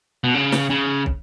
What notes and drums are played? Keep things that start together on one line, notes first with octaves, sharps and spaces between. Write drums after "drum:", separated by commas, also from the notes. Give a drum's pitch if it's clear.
B2
C#3
drum: snare
C#3
drum: kick